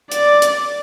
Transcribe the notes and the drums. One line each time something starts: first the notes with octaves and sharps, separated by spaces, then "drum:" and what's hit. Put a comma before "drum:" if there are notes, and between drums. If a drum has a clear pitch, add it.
D5, drum: hi-hat
drum: hi-hat